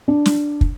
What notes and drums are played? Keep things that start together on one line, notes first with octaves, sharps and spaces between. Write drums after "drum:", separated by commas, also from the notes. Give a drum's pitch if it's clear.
D4
drum: snare
drum: kick